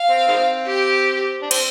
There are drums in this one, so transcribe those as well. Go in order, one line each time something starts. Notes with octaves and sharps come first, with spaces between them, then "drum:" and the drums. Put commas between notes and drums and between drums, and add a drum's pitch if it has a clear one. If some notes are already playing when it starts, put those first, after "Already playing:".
Already playing: F5
C4
D#3 G#3 C4
G4
D4
C4, drum: cymbal